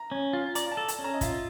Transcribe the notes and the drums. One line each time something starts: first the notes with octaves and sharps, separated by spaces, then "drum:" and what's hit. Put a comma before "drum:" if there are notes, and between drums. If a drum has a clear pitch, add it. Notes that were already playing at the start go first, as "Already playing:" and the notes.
Already playing: A#5
C#4
F4
D5 A#5, drum: hi-hat
A5
A4
A5, drum: hi-hat
C#4
A#5
D#5
F4 E5, drum: kick, hi-hat